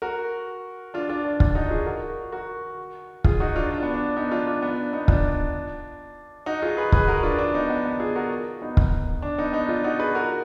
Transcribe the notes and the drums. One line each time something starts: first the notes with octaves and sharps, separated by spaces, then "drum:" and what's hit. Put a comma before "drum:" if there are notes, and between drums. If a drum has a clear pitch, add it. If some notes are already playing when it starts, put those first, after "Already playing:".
F#4 A#4
D4 F4
D4 F4
D4
drum: kick
D#4 F#4
F4 G#4
F#4 A#4
F#4 A#4
F4 G#4, drum: kick
D#4 F#4
D4 F4
D4
B3
D4
B3 D#4
D4 F4
D4 F4
B3
D4
B3 D#4
D4 F4, drum: kick
D#4 F#4
F4 G#4
G#4 B4
G#4 B4, drum: kick
F#4 A#4
D4 F4
D4
B3 D#4
B3
B3
F4 G#4
F#4 A#4
B3 D#4
drum: kick
D4
B3 D#4
B3 D#4
D4 F4
D#4 F#4
G#4 B4
F#4 A#4